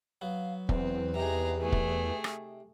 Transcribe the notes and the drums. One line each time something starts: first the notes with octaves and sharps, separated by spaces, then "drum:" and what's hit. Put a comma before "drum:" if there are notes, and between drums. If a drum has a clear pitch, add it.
F#3 B3 F5
E2 C4 B4, drum: kick
C3 D#4 G#4 A#5
A3 G#4
drum: kick
drum: rim click